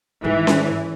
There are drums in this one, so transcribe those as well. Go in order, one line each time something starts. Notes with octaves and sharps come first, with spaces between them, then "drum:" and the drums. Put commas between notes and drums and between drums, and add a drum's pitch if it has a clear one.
G#2 D#3 E3
drum: snare C#4